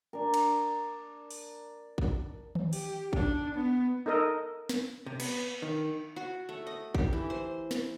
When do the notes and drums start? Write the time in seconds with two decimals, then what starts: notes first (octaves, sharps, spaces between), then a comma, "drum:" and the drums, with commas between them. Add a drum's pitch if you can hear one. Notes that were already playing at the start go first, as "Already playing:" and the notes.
0.13 D4 A#4
0.34 drum: cymbal
1.31 drum: open hi-hat
1.98 drum: kick G#1
2.55 drum: tom D#3
2.73 G4, drum: open hi-hat
3.13 D4, drum: kick G#1
3.55 B3
4.06 D#4 A4 A#4 D#5
4.69 drum: snare
5.06 C3
5.20 B3, drum: cymbal
5.62 D#3
6.16 F#4
6.49 A3
6.67 D#5
6.95 G4, drum: kick G#1
7.13 E3
7.30 C5
7.71 drum: snare